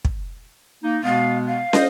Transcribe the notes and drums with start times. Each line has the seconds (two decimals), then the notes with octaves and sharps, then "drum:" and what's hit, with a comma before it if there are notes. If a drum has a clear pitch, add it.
0.05 drum: kick
0.83 A#3 D#4
1.04 B2 G#3 B3 F5
1.47 F5
1.73 C5 D#5, drum: snare